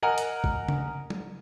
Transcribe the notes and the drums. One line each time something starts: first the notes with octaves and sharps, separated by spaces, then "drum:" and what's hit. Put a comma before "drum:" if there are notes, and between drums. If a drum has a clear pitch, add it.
A#4 D#5 F#5 G#5 A#5
drum: hi-hat
drum: kick
drum: tom C#3
drum: tom